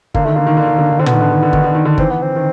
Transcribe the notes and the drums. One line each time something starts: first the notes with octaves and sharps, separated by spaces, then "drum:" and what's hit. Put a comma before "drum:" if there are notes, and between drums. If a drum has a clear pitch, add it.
D3 A#3, drum: kick G1
D#3 A3
D3 A#3
D#3
D3
D#3
D3
D#3
D3 C4
D#3 B3, drum: tom
D3
D#3
D3
D#3, drum: kick G1
D3
D#3
D3
E3 C4, drum: kick G1
B3
C4
D#3